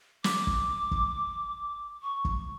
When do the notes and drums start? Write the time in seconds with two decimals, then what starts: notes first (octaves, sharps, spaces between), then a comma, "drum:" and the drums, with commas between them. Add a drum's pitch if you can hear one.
0.24 D6, drum: snare
0.47 drum: kick
0.91 drum: kick
2.03 C#6
2.25 drum: kick